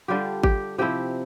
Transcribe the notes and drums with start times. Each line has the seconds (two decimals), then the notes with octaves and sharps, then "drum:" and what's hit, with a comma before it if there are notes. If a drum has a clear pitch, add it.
0.08 D3 G3 D4 F4 G4
0.43 G4, drum: kick G#1
0.78 C3 F3 C4 E4 G4